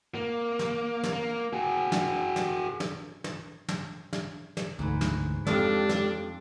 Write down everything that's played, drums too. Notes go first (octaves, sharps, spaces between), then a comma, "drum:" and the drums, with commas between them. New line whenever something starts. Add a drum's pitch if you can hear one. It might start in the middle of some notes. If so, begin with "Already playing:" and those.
A#3
drum: snare
drum: snare
A#3
F#4 G#4
drum: snare
drum: snare
drum: snare
drum: snare
drum: snare
drum: snare
drum: snare
E1 D2 G#2 B4
drum: snare
F2 G#3 D4 F4 G4 A4, drum: snare
drum: snare